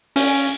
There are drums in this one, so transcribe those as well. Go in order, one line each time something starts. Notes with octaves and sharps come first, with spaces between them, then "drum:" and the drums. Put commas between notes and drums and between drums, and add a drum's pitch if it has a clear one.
C#4, drum: open hi-hat